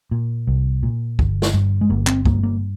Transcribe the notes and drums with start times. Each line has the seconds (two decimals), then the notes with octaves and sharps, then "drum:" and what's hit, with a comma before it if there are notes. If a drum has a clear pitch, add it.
0.11 A#2
0.47 C2
0.83 A#2
1.19 G1, drum: kick
1.42 drum: snare
1.54 G2
1.81 G#3
1.90 G1 A#3
2.07 C4, drum: clap
2.26 G2 A#3, drum: kick
2.43 A#3